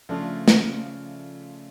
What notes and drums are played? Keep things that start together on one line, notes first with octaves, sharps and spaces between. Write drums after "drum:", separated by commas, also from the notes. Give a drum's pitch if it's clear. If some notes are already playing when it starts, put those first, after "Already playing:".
C#3 F3 A3 D4 F4
drum: snare